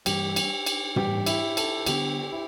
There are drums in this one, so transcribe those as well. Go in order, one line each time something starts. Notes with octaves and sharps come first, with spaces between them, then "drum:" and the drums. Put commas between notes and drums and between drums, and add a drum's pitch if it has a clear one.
G2 E3 G3 G4, drum: cymbal
drum: cymbal
drum: cymbal
G2 E3 G3 G4, drum: tom
E4, drum: cymbal
A4, drum: cymbal
D2 D3 B3 D4 G4, drum: cymbal
E4